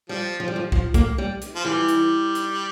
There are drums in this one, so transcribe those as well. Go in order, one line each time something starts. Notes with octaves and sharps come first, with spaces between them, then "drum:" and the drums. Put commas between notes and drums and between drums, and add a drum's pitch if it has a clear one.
F3 G3
F3
G3
F3
F3, drum: kick
A#3, drum: kick, hi-hat
G3
drum: hi-hat
F3
E3 G3
drum: hi-hat
drum: hi-hat